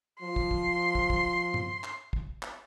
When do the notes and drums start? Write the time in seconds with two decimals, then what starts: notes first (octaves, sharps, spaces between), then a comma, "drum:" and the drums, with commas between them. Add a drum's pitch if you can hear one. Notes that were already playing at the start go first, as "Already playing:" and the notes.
0.22 F3 C6
0.36 drum: kick
0.51 drum: kick
0.95 drum: kick
1.10 drum: kick
1.54 drum: tom G2
1.84 drum: clap
2.13 drum: kick
2.42 drum: clap